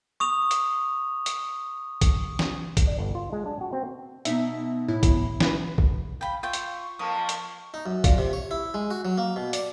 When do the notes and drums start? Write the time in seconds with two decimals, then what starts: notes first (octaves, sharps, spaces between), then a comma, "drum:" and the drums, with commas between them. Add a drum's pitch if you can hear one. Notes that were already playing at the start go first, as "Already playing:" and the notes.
0.20 C#6 D#6 F7
0.51 drum: hi-hat
1.26 drum: hi-hat
2.01 drum: kick, hi-hat
2.39 drum: snare
2.77 drum: kick, hi-hat
2.87 D5
2.98 G1
3.15 F4
3.32 G#3
3.46 D4
3.61 F#4
3.73 C4
4.25 B2 D#4 E5, drum: hi-hat
4.88 A2 E4
5.03 drum: kick, hi-hat
5.40 E3 E4 B4, drum: snare
5.78 drum: kick
6.21 F5 G5 B5
6.43 F4 E5 G5 C#6
6.53 drum: hi-hat
6.99 F2 F3 A#3 D#6
7.29 drum: hi-hat
7.74 D#4
7.86 F#2
8.04 A#2, drum: kick, hi-hat
8.18 C3
8.33 C#5
8.51 E4
8.74 G#3
8.91 F#4
9.05 F#3
9.18 A#3
9.36 B2
9.53 D5, drum: hi-hat